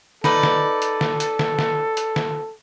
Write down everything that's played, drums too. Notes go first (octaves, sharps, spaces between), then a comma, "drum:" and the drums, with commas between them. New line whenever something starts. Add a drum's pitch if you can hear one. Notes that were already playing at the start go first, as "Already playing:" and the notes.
D#4 A4 B4 D5, drum: snare
drum: snare
drum: hi-hat
drum: snare
drum: hi-hat
drum: snare
drum: snare
drum: hi-hat
drum: snare